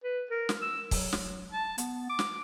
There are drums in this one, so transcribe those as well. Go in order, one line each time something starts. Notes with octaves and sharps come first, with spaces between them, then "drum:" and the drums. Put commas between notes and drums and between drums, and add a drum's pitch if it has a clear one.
B4
A#4
drum: snare
E6
F#3, drum: kick, open hi-hat
drum: snare
A5
B3, drum: hi-hat
D6
drum: snare